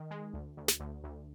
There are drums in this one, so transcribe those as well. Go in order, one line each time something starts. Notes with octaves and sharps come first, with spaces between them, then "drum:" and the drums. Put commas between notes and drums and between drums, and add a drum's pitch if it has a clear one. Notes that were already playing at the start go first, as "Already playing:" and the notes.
Already playing: D#3
G#3
D2
D2
drum: snare
D2
D2